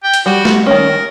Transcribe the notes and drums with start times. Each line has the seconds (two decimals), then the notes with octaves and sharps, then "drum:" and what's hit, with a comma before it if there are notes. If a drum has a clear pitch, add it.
0.04 G5
0.14 drum: hi-hat
0.26 G3 F#4
0.45 drum: snare A3
0.66 D#3 C#4 A#4